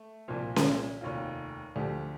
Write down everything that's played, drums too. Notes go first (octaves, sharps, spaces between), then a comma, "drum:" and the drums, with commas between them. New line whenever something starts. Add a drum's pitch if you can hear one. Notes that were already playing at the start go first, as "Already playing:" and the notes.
Already playing: A3
C2 A#2 F3
drum: snare C#4
F1 D#2 D#3 F4
D2 D3 F3 G4